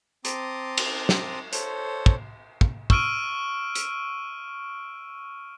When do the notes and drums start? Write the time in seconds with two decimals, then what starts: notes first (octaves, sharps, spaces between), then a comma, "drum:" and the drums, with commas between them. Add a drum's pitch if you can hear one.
0.25 C4 A5 A#5 C6 D6 D#6, drum: hi-hat
0.78 drum: cymbal
1.09 drum: snare
1.53 A4 C5 C#5, drum: hi-hat
2.06 drum: kick
2.61 drum: kick
2.90 C#6 E6 F6 D7 D#7, drum: kick
3.75 drum: hi-hat